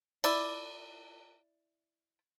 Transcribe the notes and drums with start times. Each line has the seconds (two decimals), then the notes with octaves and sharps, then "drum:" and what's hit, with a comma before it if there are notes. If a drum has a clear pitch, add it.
0.24 E4 D5, drum: cymbal